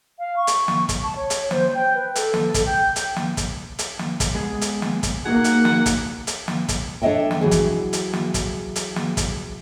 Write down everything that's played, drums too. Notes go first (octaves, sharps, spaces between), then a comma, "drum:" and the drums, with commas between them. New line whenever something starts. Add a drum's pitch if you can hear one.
F5
C#6
drum: hi-hat
drum: snare
drum: kick, hi-hat
A5
C#5
drum: hi-hat
C5, drum: snare
G5
B4
A4, drum: hi-hat
drum: snare
drum: kick, hi-hat
G5
drum: hi-hat
drum: snare
drum: kick, hi-hat
drum: hi-hat
drum: snare
drum: kick, hi-hat
G#3 B3 G#4
drum: hi-hat
drum: snare
drum: kick, hi-hat
A#3 D#4 F#4 G#4 F#5
drum: hi-hat
drum: snare
drum: kick, hi-hat
drum: hi-hat
drum: snare
drum: kick, hi-hat
D4 A4 C#5 D#5 E5 G5
drum: snare
E3 F#3 G#4
drum: kick, hi-hat
drum: hi-hat
drum: snare
drum: kick, hi-hat
drum: hi-hat
drum: snare
drum: kick, hi-hat